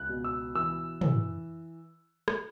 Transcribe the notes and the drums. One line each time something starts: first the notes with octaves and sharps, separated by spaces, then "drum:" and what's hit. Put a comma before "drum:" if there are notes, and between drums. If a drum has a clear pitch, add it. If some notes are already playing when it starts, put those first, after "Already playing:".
Already playing: C#2 F#6
B2
E6
E3 E6
E3, drum: tom
drum: rim click